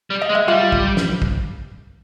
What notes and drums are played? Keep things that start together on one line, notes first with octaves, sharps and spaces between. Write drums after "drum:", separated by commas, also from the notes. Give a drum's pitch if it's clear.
G3
D#5
G#3
E5
G3 F4 F5
drum: kick
drum: snare
drum: kick